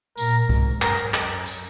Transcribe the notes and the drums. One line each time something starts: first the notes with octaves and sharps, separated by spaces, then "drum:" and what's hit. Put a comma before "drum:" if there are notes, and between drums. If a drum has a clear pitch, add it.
A#2 A#4, drum: tambourine
G#2, drum: kick C2
F#2 A#4, drum: clap
drum: clap
drum: tambourine